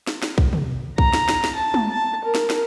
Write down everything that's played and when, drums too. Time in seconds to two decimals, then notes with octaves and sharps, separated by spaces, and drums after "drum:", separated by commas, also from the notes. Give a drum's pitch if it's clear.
0.07 drum: snare
0.23 drum: snare
0.38 drum: kick
0.53 drum: tom
0.98 A#5, drum: kick
1.13 drum: snare
1.29 drum: snare
1.44 drum: snare
1.55 A5
1.74 drum: tom
1.90 A5
2.24 A#4
2.35 drum: snare
2.50 drum: snare